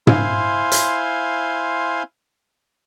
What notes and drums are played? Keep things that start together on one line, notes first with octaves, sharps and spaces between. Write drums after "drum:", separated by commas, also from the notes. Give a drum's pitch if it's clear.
E4 C5 F5 G#5 C6, drum: tom
drum: hi-hat